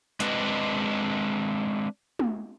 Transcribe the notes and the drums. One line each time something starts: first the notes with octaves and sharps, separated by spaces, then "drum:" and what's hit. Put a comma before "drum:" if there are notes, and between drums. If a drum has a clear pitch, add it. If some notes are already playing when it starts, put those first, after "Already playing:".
G#3 C4 D4 B4 C#5 D#5, drum: hi-hat
drum: tom